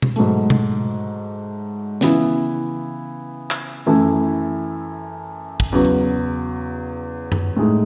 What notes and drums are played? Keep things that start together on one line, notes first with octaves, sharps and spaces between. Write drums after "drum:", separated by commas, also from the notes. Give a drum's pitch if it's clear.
drum: tom B2
G#2 F#3 A3, drum: hi-hat
drum: tom B2
C#3 E3 B3 E4, drum: snare
drum: clap
F#2 E3 A3 E4
drum: kick
E2 C#3 F#3
drum: hi-hat
drum: tom F#2
A2 G#3 D#4